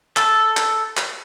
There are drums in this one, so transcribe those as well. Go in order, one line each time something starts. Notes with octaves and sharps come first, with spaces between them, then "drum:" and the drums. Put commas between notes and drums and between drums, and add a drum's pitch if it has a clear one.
A4, drum: clap
drum: clap
drum: clap